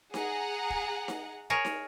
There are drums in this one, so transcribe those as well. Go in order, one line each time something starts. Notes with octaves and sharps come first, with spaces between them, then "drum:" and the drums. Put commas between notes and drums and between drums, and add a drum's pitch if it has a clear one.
G#4 F#5 A#5, drum: snare D#4
drum: kick
drum: snare D#4
G#4 A#4 C#5
drum: snare D#4